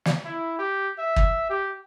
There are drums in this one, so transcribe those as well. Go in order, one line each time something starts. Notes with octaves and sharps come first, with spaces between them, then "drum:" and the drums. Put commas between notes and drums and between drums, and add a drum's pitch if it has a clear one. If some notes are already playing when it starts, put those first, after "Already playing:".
drum: snare
E4
G4
E5
drum: kick
G4